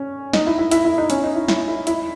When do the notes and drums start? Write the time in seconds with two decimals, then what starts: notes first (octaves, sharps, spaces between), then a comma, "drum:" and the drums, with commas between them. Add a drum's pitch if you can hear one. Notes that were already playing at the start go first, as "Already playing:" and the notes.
Already playing: C#4
0.33 D#4, drum: snare
0.47 E4
0.58 E4
0.71 E4, drum: hi-hat
0.85 E4
0.98 D#4
1.10 C#4, drum: hi-hat
1.24 D#4
1.35 E4
1.48 E4, drum: snare
1.68 E4
1.87 E4, drum: hi-hat